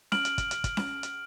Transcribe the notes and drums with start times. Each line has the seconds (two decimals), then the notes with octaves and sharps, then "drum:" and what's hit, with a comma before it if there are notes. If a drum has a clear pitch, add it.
0.12 F6 D7 F#7, drum: snare C#4
0.25 drum: hi-hat
0.38 drum: kick, hi-hat
0.51 drum: hi-hat
0.64 drum: kick, hi-hat
0.77 drum: snare C#4
1.03 drum: hi-hat